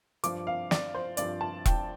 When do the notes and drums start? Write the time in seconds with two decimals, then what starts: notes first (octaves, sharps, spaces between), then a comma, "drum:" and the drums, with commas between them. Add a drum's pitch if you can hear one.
0.24 G2 F3 D6, drum: hi-hat
0.47 F5
0.71 D5, drum: snare
0.95 C5
1.17 G2 F3 D5, drum: hi-hat
1.41 A5
1.66 G5, drum: kick E1, hi-hat